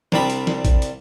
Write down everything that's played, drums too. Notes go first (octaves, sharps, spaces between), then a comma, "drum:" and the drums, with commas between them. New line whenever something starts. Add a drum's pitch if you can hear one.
C2 C3 G3 D4 B5, drum: snare
drum: hi-hat
drum: snare
drum: kick A1, hi-hat
drum: hi-hat